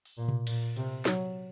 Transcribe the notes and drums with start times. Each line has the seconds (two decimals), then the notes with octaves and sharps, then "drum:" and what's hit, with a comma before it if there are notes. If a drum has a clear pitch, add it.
0.06 drum: open hi-hat
0.18 A#2
0.28 drum: tom B2
0.47 A#2, drum: cymbal
0.77 C3, drum: hi-hat
1.05 F#3, drum: snare